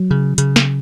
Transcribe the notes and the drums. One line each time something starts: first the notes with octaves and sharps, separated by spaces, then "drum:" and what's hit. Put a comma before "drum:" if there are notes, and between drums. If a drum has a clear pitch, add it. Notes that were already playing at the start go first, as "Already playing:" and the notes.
Already playing: F#3
C#3
C#3, drum: hi-hat
drum: snare